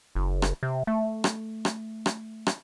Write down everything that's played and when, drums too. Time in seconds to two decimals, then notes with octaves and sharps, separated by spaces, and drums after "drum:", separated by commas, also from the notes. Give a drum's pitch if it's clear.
0.15 F#1
0.42 drum: rim click
0.63 C3
0.87 A3
1.24 drum: rim click
1.65 drum: rim click
2.06 drum: rim click
2.47 drum: rim click